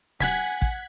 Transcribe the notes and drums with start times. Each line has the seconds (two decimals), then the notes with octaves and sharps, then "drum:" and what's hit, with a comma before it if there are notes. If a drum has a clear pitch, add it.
0.20 F#5 G#5 F#6 G#6 B6, drum: snare
0.62 drum: kick